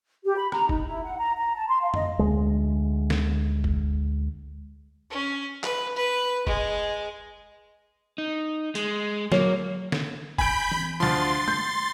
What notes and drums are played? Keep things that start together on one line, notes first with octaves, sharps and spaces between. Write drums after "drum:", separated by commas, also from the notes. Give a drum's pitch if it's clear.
G4
B5
A#5, drum: rim click
D#4, drum: kick F1
E4
F#5
A#5
A#5
A5
C6
F5
D#5, drum: tom F2
D2 G#3
drum: snare
drum: kick F1
C#4
B4, drum: clap
B4
G#3, drum: kick F1
D#4
G#3, drum: hi-hat
F#3 A#3, drum: snare
drum: snare
G#5 B5 G6 D7, drum: kick F1
drum: tom E3
D2 F3 C6 A6
G6, drum: tom G#3